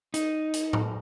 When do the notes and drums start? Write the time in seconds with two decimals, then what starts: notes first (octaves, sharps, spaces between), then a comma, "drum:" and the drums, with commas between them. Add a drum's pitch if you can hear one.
0.14 D#4, drum: hi-hat
0.53 drum: hi-hat
0.73 drum: tom A2